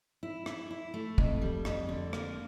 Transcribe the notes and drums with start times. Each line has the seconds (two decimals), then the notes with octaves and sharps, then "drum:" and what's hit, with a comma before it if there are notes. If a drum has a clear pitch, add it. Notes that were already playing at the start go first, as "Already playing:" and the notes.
0.23 E4
0.46 E4, drum: rim click
0.71 E4
0.94 A3
1.18 F2, drum: kick
1.41 G3
1.65 F2, drum: rim click
1.89 D3
2.13 A#3, drum: rim click